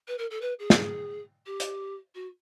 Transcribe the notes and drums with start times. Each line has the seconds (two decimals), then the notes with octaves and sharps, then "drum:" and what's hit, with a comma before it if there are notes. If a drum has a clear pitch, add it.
0.08 B4
0.18 A#4
0.31 A4
0.41 B4
0.59 G#4
0.70 drum: snare
1.46 G4
1.60 drum: hi-hat
2.15 F#4